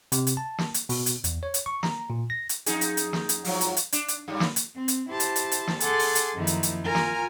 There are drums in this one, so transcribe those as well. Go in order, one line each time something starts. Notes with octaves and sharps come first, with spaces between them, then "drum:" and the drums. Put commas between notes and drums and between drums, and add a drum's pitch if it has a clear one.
C3, drum: hi-hat
drum: hi-hat
A5
drum: snare
drum: hi-hat
B2, drum: open hi-hat
drum: hi-hat
E2, drum: hi-hat
C#5
drum: hi-hat
C#6
A#5, drum: snare
A#2
A#6
drum: hi-hat
F2 D#4 G#4, drum: hi-hat
drum: hi-hat
drum: hi-hat
drum: snare
drum: hi-hat
G2 F3 F#3, drum: open hi-hat
drum: hi-hat
drum: hi-hat
D4, drum: hi-hat
drum: hi-hat
G2 G3
drum: snare
drum: hi-hat
C4
drum: hi-hat
E4 G4 C5 A5
drum: hi-hat
drum: hi-hat
drum: hi-hat
drum: snare
G#4 A4 F#5 C6 D6 F#6, drum: hi-hat
drum: open hi-hat
drum: hi-hat
F#2 D#3 F3 A#3 D#4 E4
drum: hi-hat
drum: hi-hat
F4 A#4 G#5 A#5 F6
drum: snare